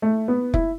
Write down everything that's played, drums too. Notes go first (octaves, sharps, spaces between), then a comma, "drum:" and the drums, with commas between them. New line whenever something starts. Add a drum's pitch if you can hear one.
A3
B3
E4, drum: kick F1